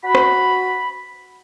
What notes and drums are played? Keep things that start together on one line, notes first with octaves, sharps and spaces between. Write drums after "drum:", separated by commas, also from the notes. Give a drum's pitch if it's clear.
F#4 B5
drum: rim click